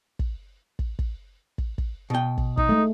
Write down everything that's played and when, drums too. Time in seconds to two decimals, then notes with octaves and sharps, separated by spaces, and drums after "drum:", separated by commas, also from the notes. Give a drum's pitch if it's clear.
0.19 drum: kick
0.79 drum: kick
0.99 drum: kick
1.58 drum: kick
1.78 drum: kick
2.10 B2 G5
2.38 drum: kick
2.57 D#4, drum: kick
2.69 G#3 A3